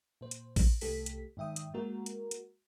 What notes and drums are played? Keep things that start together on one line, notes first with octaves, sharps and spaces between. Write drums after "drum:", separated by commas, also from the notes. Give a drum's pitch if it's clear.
A#2 C5
drum: hi-hat
drum: kick A1, open hi-hat
C2 A3 G4 A4 B6, drum: open hi-hat
drum: hi-hat
G#2 D#3 E5 G5 D#6
drum: hi-hat
G#3 A#3 F#4 A#4
drum: hi-hat
drum: hi-hat